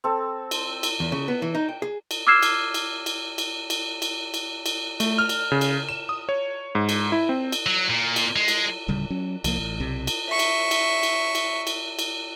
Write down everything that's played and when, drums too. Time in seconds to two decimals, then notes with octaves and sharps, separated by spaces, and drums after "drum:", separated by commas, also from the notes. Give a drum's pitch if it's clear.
0.04 C4 A4
0.51 drum: cymbal
0.83 drum: cymbal
1.00 E2
1.12 C#3
1.28 B3
1.42 E3
1.55 D#4
1.69 G5
1.82 G#4
2.11 drum: cymbal
2.27 D6 E6 F6 G#6 C7 E7
2.43 drum: cymbal
2.74 drum: cymbal
3.06 drum: cymbal
3.38 drum: cymbal
3.70 drum: cymbal
4.02 drum: cymbal
4.34 drum: cymbal
4.66 drum: cymbal
5.00 A3, drum: cymbal
5.18 F6
5.29 drum: cymbal
5.52 C#3
5.61 drum: cymbal
5.89 E7
6.09 D#6
6.29 C#5
6.75 G#2
6.89 drum: cymbal
7.12 E4
7.29 C4
7.52 drum: cymbal
7.66 F#3
7.90 A#2
8.16 drum: cymbal
8.36 G#3
8.48 drum: cymbal
8.88 D1 C#3 G3
9.10 F#3 C#4
9.44 C2 F3 A#3, drum: cymbal
9.58 A1
9.80 B1 C3
10.07 drum: cymbal
10.29 E5 C#6
10.39 drum: cymbal
10.71 drum: cymbal
11.03 drum: cymbal
11.35 drum: cymbal
11.67 drum: cymbal
11.99 drum: cymbal